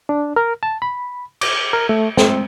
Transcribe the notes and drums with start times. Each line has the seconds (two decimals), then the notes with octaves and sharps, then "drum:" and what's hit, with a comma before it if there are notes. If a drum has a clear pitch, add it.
0.09 D4
0.36 A#4
0.63 A5
0.82 B5
1.41 D6, drum: cymbal
1.73 A#4
1.89 A3
2.17 C4, drum: snare